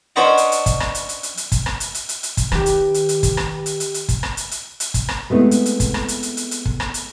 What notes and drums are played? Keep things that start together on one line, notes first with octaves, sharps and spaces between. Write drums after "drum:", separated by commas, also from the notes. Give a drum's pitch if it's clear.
C#4 D4 B4 C5 D#5 F#5
drum: hi-hat
drum: hi-hat
drum: kick, hi-hat
drum: rim click
drum: hi-hat
drum: hi-hat
drum: hi-hat
drum: hi-hat
drum: kick, hi-hat
drum: rim click
drum: hi-hat
drum: hi-hat
drum: hi-hat
drum: hi-hat
drum: kick, hi-hat
D#3 G4 B4, drum: rim click
drum: hi-hat
drum: hi-hat
drum: hi-hat
drum: kick, hi-hat
drum: rim click
drum: hi-hat
drum: hi-hat
drum: hi-hat
drum: kick, hi-hat
drum: rim click
drum: hi-hat
drum: hi-hat
drum: hi-hat
drum: kick, hi-hat
drum: rim click
G#3 A3 B3 C4 E4
drum: hi-hat
drum: hi-hat
drum: kick, hi-hat
drum: rim click
drum: hi-hat
drum: hi-hat
drum: hi-hat
drum: hi-hat
drum: kick
drum: rim click
drum: hi-hat